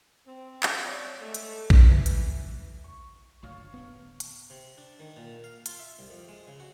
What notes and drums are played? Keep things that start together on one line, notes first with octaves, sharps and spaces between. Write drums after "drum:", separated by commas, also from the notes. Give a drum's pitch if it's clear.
C4
drum: clap
C#5 D5
G#3 A3
drum: hi-hat
drum: kick
E3
drum: hi-hat
C#6
F#1 D2 A#2 C#5 F5
D1 G2 B3
drum: hi-hat
C3
D4
D#3
A#2
F5
F4, drum: hi-hat
E5
C2
F2
G#3
C#3
F#4